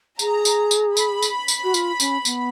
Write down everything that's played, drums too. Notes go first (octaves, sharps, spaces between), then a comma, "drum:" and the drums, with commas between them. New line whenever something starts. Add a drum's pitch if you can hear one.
G#4 A#5, drum: tambourine
drum: tambourine
drum: tambourine
B5, drum: tambourine
drum: tambourine
drum: tambourine
F#4
F4, drum: tambourine
C#4, drum: tambourine
B3, drum: tambourine